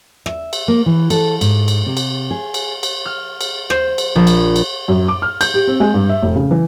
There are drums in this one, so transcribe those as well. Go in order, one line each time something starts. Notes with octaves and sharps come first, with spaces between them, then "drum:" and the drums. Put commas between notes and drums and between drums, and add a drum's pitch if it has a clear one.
E5, drum: rim click
drum: cymbal
A#3
E3
A4, drum: cymbal
G#2, drum: cymbal
drum: cymbal
C3
drum: cymbal
G#4
drum: cymbal
drum: cymbal
F6
drum: cymbal
C5, drum: rim click
drum: cymbal
A#1
drum: cymbal
drum: cymbal
F#2
D6
F6
G6, drum: cymbal
G4
C4
G#3
G2
E5
F1
C#3
E3